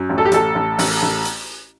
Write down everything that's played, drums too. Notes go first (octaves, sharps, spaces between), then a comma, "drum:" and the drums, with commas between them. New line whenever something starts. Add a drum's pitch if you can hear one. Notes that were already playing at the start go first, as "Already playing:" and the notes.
Already playing: F#2
A1
A4
G4
A1 A4, drum: hi-hat
A1
A1, drum: open hi-hat
A1
drum: hi-hat